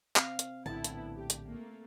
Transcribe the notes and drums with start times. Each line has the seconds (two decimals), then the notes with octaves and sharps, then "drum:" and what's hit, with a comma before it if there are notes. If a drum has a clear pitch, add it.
0.16 C4 F5, drum: clap
0.39 drum: hi-hat
0.66 A#1 A2 D3 B3 E4 A5
0.84 drum: hi-hat
1.16 G4
1.30 drum: hi-hat
1.45 A3 A#3